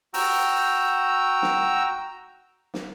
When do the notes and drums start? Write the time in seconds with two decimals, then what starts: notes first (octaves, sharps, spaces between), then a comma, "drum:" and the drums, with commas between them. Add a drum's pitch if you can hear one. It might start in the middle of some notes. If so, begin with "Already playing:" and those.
0.14 F#4 G5 A#5 E6, drum: open hi-hat
1.42 drum: snare
2.74 drum: snare